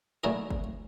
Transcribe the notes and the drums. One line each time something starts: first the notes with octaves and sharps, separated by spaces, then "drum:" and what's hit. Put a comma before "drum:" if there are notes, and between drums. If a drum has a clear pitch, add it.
A#2 D#3 F#3 A3 E4 G#4
drum: kick